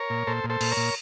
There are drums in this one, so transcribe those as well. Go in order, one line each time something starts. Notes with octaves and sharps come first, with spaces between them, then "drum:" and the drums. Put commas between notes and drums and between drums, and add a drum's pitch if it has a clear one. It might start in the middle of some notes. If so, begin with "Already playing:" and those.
Already playing: A#4 C#5
A#2
A#2 A4 C5
A#2
A4 C5
A#2, drum: cymbal
A#4 C#5
A#2